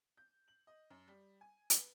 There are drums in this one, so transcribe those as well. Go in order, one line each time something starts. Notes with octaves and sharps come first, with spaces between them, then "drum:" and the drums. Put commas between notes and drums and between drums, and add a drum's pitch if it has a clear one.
G6
F#7
D#5
F#2
G3
G#5
B4, drum: hi-hat